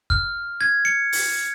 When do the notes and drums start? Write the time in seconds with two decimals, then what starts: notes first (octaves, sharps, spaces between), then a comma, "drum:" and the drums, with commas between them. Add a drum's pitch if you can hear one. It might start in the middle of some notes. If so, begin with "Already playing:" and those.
0.10 F6, drum: kick
0.61 G#6
0.85 C#7
1.12 drum: open hi-hat